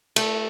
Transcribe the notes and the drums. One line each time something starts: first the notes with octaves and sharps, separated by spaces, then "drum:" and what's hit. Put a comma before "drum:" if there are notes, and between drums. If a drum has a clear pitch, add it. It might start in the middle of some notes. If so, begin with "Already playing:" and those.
A3, drum: cymbal